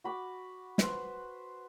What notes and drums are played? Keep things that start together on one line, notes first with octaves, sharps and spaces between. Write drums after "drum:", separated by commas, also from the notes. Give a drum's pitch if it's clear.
F#4 B5 D6
B4 C5, drum: snare